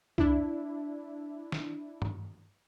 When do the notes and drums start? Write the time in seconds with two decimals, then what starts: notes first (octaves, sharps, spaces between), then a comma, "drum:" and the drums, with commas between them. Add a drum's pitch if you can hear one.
0.18 D4 E4, drum: kick
1.52 drum: snare
2.02 drum: tom G2